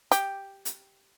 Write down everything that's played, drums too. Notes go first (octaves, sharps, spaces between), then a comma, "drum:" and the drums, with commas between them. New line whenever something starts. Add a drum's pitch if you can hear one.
G4, drum: hi-hat
drum: hi-hat